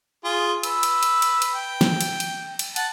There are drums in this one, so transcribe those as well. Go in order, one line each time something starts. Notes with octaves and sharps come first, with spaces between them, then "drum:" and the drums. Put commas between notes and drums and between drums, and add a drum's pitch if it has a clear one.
F4 G#4
B4 E6, drum: cymbal
drum: cymbal
drum: cymbal
drum: cymbal
drum: cymbal
G5
drum: snare
drum: cymbal
drum: cymbal
drum: cymbal
F#5 A5, drum: cymbal